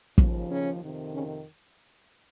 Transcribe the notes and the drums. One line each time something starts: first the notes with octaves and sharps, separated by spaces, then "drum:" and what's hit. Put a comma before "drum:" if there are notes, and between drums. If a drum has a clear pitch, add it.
D#2 C#3 F3, drum: kick
C#3 C#4
F2 C3 D#3
C#3 C#4